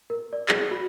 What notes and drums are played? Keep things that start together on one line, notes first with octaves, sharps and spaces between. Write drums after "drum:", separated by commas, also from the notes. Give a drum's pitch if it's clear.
A#4
D5
G#4, drum: clap
F#4